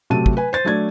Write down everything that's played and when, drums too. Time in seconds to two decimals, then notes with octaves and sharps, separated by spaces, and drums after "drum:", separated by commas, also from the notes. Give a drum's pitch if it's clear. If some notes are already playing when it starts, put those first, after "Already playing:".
0.10 C3 F#3 A3 A5 D#7
0.26 drum: kick
0.37 B4 G#5
0.53 C5 A6
0.65 F#3 A3 D4 D5 G#6